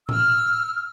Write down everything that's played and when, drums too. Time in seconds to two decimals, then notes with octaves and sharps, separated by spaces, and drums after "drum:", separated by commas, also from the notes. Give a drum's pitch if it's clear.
0.09 E6 F6, drum: tom A2